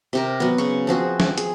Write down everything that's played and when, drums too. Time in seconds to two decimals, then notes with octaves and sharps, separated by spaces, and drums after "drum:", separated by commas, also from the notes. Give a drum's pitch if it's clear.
0.13 C3 G4 A#4
0.40 F#3 B3
0.58 C#3 C#6
0.87 F3 C4 F#4 G#4
1.20 drum: snare
1.38 G#4, drum: hi-hat